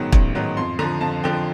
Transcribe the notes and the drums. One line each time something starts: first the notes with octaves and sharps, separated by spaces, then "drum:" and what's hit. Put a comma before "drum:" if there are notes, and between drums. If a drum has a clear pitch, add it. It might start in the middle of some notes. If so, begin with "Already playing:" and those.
Already playing: A1 G#2 D#3 F#3 B3
A1, drum: kick
G#2 D#3 F#3 B3
F2 C6
D3 F3 A#5
F2 A5
D3 F3 G5